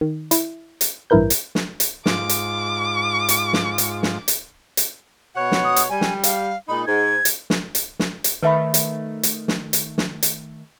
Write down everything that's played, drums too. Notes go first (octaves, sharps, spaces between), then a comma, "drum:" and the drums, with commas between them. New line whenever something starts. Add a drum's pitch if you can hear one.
D#3
E4, drum: hi-hat
drum: hi-hat
A1 G2 E4 A#4 B4 G6
drum: hi-hat
drum: snare
drum: hi-hat
G#2 F4 D6, drum: snare
drum: hi-hat
drum: hi-hat
drum: snare
drum: hi-hat
drum: snare
drum: hi-hat
drum: hi-hat
B2 C#5 F#5
drum: snare
D#6
drum: hi-hat
G3 G#5
drum: snare
F5, drum: hi-hat
A#2 G#3 D#4 B5
G#2 G#6
drum: hi-hat
drum: snare
drum: hi-hat
drum: snare
drum: hi-hat
D#3 A3 B4 E5 B5
drum: hi-hat
drum: hi-hat
drum: snare
drum: hi-hat
drum: snare
drum: hi-hat